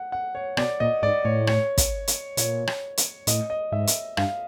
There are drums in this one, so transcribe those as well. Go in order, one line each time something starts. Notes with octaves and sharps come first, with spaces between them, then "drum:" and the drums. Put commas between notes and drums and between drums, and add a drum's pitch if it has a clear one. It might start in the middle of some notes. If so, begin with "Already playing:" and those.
Already playing: F#5
F#5
C#5
B2 D5, drum: rim click
A#2 D#5
G#2 D5
A2 C#5
C#5, drum: rim click
drum: kick, hi-hat
drum: hi-hat
A#2 C#5, drum: hi-hat
drum: rim click
drum: hi-hat
A2 D#5, drum: hi-hat
D#5
G#2 E5
drum: hi-hat
G2 F5, drum: rim click